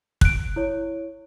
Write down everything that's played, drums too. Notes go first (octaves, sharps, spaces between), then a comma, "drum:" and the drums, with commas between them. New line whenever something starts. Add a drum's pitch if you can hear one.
F#6 D7, drum: kick
E4 C#5